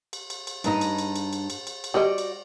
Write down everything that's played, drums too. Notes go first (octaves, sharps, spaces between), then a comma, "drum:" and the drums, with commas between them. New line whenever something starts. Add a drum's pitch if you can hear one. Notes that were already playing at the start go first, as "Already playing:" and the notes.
drum: cymbal
drum: cymbal
drum: cymbal
G2 D#4 D#5, drum: cymbal
drum: cymbal
drum: cymbal
drum: cymbal
drum: cymbal
drum: cymbal
drum: cymbal
drum: cymbal
G3 F#4 D5 D#5 G5
drum: cymbal